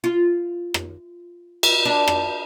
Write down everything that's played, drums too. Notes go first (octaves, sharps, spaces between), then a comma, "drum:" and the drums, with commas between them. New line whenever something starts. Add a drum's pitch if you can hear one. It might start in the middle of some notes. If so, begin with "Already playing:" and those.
F4
drum: rim click
drum: cymbal
D4
drum: rim click